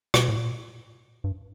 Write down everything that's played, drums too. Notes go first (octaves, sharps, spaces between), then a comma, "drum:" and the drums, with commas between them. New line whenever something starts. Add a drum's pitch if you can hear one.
B2, drum: rim click
A2
A#2
G2